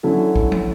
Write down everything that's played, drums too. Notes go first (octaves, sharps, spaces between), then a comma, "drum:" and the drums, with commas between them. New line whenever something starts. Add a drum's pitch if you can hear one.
D3 F#3 C#4 E4 A4
drum: kick
drum: tom